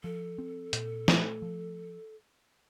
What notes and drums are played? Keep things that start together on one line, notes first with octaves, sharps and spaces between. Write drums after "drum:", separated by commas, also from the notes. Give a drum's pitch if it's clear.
F3 A4
C4
A#2, drum: hi-hat
A3, drum: snare
F3